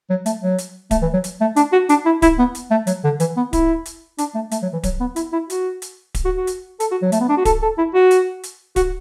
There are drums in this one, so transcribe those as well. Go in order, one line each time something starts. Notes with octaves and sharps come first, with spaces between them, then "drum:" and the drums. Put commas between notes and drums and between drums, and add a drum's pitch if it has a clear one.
F#3
A3, drum: hi-hat
F#3
drum: hi-hat
A3, drum: kick D1, hi-hat
E3
F#3
drum: hi-hat
A3
D4, drum: hi-hat
F#4
D4, drum: hi-hat
E4
E4, drum: kick D1, hi-hat
B3
drum: hi-hat
A3
F#3, drum: hi-hat
D3
E3, drum: hi-hat
B3
E4, drum: kick D1, hi-hat
drum: hi-hat
D4, drum: hi-hat
A3
A3, drum: hi-hat
F#3
E3
F#3, drum: kick D1, hi-hat
B3
E4, drum: hi-hat
E4
F#4, drum: hi-hat
drum: hi-hat
drum: kick D1, hi-hat
F#4
F#4
drum: hi-hat
A4, drum: hi-hat
F#4
F#3
A3, drum: hi-hat
B3
D4
F#4
A4, drum: kick D1, hi-hat
A4
E4
F#4
drum: hi-hat
drum: hi-hat
F#4, drum: kick D1, hi-hat